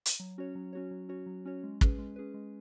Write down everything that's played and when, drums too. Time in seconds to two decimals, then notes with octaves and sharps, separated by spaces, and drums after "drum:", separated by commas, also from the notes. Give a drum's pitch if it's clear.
0.06 drum: hi-hat
0.20 F#3
0.38 C#4 F#4 C#5
0.55 F#3
0.73 C#4 F#4 C#5
0.91 F#3
1.09 C#4 F#4 C#5
1.26 F#3
1.45 C#4 F#4 C#5
1.63 G#3
1.81 C#4 G#4 B4, drum: kick
1.98 G#3
2.16 C#4 G#4 B4
2.34 G#3